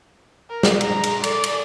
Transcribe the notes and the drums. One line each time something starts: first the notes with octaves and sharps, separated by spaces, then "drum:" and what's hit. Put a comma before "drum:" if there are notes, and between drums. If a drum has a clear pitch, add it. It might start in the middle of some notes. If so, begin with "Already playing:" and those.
A#4
drum: snare
G#4 A#5, drum: cymbal
drum: cymbal
A4 D5, drum: cymbal
drum: cymbal